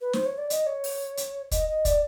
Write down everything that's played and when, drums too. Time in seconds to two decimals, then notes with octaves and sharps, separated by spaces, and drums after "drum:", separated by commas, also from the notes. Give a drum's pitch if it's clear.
0.01 B4
0.13 C5, drum: snare
0.26 C#5
0.38 D5
0.50 D#5, drum: hi-hat
0.66 C#5
0.84 drum: open hi-hat
1.17 drum: hi-hat
1.51 D#5, drum: kick, hi-hat
1.68 D#5
1.85 D5, drum: kick, hi-hat